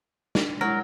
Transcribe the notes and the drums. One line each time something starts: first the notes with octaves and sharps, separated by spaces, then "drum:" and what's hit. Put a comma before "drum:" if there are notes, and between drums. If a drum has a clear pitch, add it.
D4, drum: snare
F#3 G#3 E4 A#4